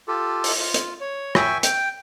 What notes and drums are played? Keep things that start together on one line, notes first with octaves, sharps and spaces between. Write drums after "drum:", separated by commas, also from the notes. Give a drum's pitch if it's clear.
F4 G4 A4
drum: open hi-hat
F4
drum: hi-hat
C#5
E5 G5 G#5 C#6, drum: rim click
G5, drum: hi-hat